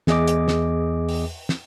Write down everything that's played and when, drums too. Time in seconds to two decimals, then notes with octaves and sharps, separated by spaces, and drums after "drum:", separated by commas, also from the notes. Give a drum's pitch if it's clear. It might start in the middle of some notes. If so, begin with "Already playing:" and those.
0.07 E2 G#4 D#5 D6, drum: snare
0.28 drum: hi-hat
0.48 drum: snare
1.09 drum: open hi-hat
1.49 drum: snare